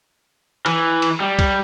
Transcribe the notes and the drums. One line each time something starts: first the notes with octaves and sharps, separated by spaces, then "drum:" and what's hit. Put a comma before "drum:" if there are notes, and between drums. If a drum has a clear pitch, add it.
E3, drum: cymbal
drum: cymbal
G3
drum: kick, cymbal